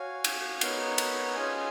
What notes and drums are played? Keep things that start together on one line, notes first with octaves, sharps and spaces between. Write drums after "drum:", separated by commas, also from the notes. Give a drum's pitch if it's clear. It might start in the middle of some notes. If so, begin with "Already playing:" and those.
Already playing: F#4 C#5 F5 G#5
drum: cymbal
B3 D#4 A#4 C#5 F#5, drum: cymbal
drum: cymbal
C#4 F4 G#4 D#5 G#5